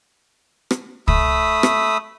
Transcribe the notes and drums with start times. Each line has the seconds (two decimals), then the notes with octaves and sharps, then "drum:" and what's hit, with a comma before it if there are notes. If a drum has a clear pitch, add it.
0.71 drum: rim click
1.08 A3 B5 D#6 E6, drum: kick
1.63 drum: rim click